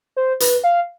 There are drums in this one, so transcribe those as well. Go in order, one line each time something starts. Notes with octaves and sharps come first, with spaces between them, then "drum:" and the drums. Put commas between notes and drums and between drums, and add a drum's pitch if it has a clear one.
C5
B4, drum: hi-hat
F5